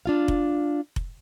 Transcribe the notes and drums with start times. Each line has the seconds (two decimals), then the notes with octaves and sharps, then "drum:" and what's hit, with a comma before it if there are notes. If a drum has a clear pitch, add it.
0.06 D4 F4 F5
0.28 drum: kick F1
0.96 drum: kick F1